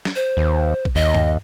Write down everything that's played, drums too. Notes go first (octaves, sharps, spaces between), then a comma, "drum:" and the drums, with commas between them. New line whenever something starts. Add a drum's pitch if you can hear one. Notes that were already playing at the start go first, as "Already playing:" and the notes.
drum: snare
C5
D#2
drum: kick A1
D#2 D#5
drum: tom G2